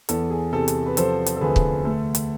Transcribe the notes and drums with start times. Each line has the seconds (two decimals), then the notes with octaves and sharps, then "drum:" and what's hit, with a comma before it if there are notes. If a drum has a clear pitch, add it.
0.09 E2 A4, drum: hi-hat
0.30 G#4
0.53 C3 A4
0.68 drum: hi-hat
0.86 B4
0.97 F3 A4 C5, drum: hi-hat
1.26 drum: hi-hat
1.36 A4
1.41 D2 G#4 B4
1.56 drum: kick
1.85 A3 A4
2.15 drum: hi-hat